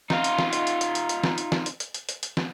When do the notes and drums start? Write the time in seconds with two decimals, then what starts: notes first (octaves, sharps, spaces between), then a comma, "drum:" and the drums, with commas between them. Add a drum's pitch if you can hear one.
0.10 D#4 F4, drum: snare
0.24 drum: hi-hat
0.38 drum: snare
0.53 drum: hi-hat
0.67 drum: hi-hat
0.81 drum: hi-hat
0.95 drum: hi-hat
1.09 drum: hi-hat
1.24 drum: snare
1.38 drum: hi-hat
1.52 drum: snare
1.66 drum: hi-hat
1.80 drum: hi-hat
1.94 drum: hi-hat
2.09 drum: hi-hat
2.23 drum: hi-hat
2.37 drum: snare